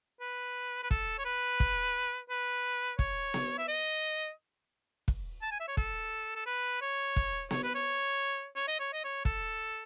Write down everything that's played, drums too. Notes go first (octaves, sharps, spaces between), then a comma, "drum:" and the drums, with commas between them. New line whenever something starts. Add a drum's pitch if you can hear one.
B4
B4
A4, drum: kick
C#5
B4
drum: kick
B4
C#5, drum: kick
drum: snare B3
E5
D#5
drum: kick
A5
G#5
E5
C#5
A4, drum: kick
A4
B4
C#5
drum: kick
C#5, drum: snare B3
B4
C#5
C#5
D#5
C#5
D#5
C#5
A4, drum: kick